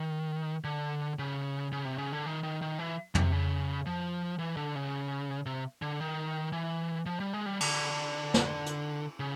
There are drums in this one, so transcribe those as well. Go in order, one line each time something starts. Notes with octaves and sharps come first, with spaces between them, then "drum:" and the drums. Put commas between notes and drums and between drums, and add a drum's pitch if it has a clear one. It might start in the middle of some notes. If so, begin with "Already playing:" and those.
Already playing: D#3
D3
C#3
C#3
C3
C#3
D3
D#3
D#3
D#3
E3
C3, drum: tom
C#3
F3
E3
D3
C#3
C3
D3
D#3
E3
F3
G3
G#3
G3
D3, drum: cymbal
drum: snare
drum: hi-hat
C#3